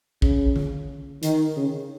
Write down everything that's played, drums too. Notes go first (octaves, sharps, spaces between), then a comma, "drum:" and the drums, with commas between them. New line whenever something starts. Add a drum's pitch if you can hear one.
C#3, drum: kick
drum: tom D3
D#3, drum: hi-hat
C#3